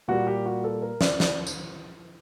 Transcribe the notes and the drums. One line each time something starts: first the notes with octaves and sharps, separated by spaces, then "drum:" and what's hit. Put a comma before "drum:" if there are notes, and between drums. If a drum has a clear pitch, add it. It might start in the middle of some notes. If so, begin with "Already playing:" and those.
A#2 G3 A#3 F#4
G4
F#4
A4
A#4
D5, drum: snare
D5, drum: snare
drum: tambourine